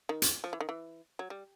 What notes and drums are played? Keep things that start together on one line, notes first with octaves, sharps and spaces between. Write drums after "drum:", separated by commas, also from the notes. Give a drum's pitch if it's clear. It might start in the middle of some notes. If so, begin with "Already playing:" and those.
D#3
drum: hi-hat
F3
E3
D#3
E3
F#3
G3